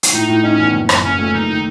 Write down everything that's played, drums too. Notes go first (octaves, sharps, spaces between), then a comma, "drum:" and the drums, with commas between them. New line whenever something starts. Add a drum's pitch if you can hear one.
drum: hi-hat
A2 D#4
A2
C#4 D#4
E2
F#1
F#2, drum: rim click
F#1 C#4
A3
F#1 D#4
D#3